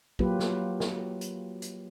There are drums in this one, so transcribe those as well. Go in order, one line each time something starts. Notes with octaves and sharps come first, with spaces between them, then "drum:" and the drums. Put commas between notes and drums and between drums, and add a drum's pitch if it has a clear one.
F#3 A#3 F4 G4 B4, drum: kick
drum: snare
drum: snare
drum: hi-hat
drum: hi-hat